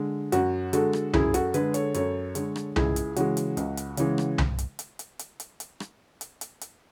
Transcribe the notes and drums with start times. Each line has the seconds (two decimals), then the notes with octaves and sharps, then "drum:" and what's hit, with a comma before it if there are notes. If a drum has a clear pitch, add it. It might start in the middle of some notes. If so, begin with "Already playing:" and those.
Already playing: D3 G#3
0.32 F#2 F#4, drum: hi-hat
0.73 D3 G#3 F#4 A4, drum: hi-hat
0.93 drum: rim click
1.13 F#2 E4 G#4, drum: tom C2
1.34 F#4 A4, drum: hi-hat
1.54 D3 G#3 G#4 B4, drum: hi-hat
1.74 A4 C#5, drum: hi-hat
1.94 F#2 A4 C#5, drum: hi-hat
2.35 D3 G#3, drum: hi-hat
2.56 drum: rim click
2.76 C#2 E4 G#4, drum: tom C2
2.96 drum: hi-hat
3.16 C#3 E3 G#3 F#4, drum: hi-hat
3.37 drum: hi-hat
3.57 C#2, drum: hi-hat
3.77 drum: hi-hat
3.97 C#3 E3 G#3, drum: hi-hat
4.18 drum: rim click
4.38 drum: tom C2
4.58 drum: hi-hat
4.79 drum: hi-hat
4.99 drum: hi-hat
5.19 drum: hi-hat
5.40 drum: hi-hat
5.60 drum: hi-hat
5.80 drum: rim click
6.21 drum: hi-hat
6.41 drum: hi-hat
6.61 drum: hi-hat